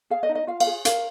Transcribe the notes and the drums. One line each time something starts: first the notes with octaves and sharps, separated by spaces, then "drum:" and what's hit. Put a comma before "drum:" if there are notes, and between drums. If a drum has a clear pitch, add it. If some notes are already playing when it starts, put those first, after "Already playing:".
G#4 F5
D#5
D#4
D#5
F4 F5
F5, drum: cymbal
G#4
A#4 F5, drum: hi-hat